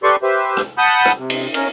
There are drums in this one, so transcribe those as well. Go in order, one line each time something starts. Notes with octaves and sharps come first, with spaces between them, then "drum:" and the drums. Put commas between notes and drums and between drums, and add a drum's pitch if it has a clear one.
G4 A4 B4 D5 C6 C#6
G4 B4 C5 E5
drum: rim click
F#5 A5 B5 D#6 G6
drum: rim click
C3
drum: cymbal
C#4 A#4, drum: cymbal